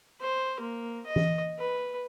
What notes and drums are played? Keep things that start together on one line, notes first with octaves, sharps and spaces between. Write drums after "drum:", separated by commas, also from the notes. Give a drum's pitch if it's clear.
C5
A#3
D#5
drum: tom E3
B4